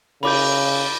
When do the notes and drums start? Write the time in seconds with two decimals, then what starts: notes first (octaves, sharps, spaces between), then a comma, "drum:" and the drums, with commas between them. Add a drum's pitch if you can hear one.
0.23 C#3 B5 D6 G6, drum: cymbal